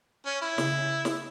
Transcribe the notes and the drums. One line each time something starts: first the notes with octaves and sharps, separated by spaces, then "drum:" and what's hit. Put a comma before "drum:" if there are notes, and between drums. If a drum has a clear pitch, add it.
C#4
E4
C#3, drum: snare
drum: snare